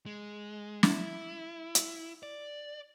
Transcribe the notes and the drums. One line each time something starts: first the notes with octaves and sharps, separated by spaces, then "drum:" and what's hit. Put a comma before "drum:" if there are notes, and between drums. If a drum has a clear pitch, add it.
G#3
E4, drum: snare
drum: hi-hat
D5